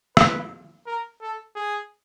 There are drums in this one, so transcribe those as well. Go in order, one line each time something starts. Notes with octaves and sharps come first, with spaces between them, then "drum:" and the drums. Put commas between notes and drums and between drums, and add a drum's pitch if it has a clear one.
B4, drum: rim click
A#4
A4
G#4